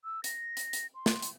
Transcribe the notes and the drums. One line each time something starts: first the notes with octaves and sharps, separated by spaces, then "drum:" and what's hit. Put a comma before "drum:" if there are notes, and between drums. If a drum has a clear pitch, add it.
E6
A#6, drum: hi-hat
drum: hi-hat
drum: hi-hat
C6
drum: snare
drum: hi-hat